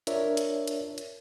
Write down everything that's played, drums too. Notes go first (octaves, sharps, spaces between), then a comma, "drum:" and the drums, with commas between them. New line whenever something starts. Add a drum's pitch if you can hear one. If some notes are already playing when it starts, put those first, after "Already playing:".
D4 F4 A#4 C#5 D5 E5, drum: hi-hat
drum: hi-hat
drum: hi-hat
drum: hi-hat